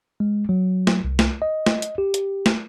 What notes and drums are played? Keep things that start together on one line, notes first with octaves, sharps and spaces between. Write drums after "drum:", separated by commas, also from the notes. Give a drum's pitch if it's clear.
G#3
F#3
drum: snare
C2
drum: snare
D#5
drum: snare
drum: hi-hat
G4
drum: hi-hat
drum: snare